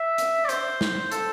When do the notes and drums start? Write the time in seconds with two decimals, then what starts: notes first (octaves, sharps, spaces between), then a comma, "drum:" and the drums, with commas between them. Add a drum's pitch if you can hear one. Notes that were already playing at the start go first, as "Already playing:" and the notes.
Already playing: E5
0.18 drum: hi-hat
0.44 D5
0.49 C5, drum: hi-hat
0.81 drum: snare
1.12 A4, drum: hi-hat